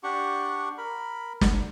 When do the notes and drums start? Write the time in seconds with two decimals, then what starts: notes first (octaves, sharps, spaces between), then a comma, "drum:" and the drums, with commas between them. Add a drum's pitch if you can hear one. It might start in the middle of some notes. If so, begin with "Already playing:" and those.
0.03 D4 G4 F#5 C#6
0.78 A#4 B5
1.41 drum: snare